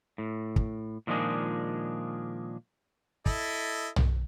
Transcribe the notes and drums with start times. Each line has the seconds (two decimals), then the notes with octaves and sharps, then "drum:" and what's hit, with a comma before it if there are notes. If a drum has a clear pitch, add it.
0.18 A2
0.56 drum: kick
1.07 A#2 D#3 F3 G#3 D4 G#4
3.26 E4 A4 D#5, drum: kick
3.96 drum: tom